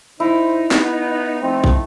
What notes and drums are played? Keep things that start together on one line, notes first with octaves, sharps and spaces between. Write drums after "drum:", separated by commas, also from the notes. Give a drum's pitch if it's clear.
A#2 D#4 E4 C5
B3, drum: snare
F3 A3 C4
drum: kick